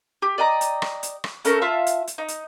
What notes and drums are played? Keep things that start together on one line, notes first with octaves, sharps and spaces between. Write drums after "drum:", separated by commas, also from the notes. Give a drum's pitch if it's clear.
G4
D5 D#5 G5 A#5
drum: hi-hat
drum: rim click
drum: hi-hat
drum: rim click
A3 C#4 A4 A#4, drum: hi-hat
F4 E5 A5 E6
drum: hi-hat
drum: hi-hat
D#4
drum: hi-hat